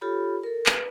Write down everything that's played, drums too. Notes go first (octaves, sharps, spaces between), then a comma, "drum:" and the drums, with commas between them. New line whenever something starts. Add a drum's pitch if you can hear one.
F4 G4 A4 C#5 B5
A4 A#4
B4, drum: clap